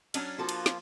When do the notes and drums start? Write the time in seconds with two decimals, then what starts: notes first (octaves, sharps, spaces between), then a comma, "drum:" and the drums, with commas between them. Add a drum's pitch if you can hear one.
0.14 F#3 C#4 D4 F6, drum: cymbal
0.39 F3 A#3 F4 F#4 A4
0.49 drum: cymbal
0.66 drum: snare